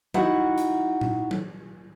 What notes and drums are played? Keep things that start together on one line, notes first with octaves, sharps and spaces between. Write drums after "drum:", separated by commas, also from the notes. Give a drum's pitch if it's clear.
D#4 E4 F#4 E5 F#5, drum: tom F#3
drum: hi-hat
drum: tom A#2
drum: tom F#3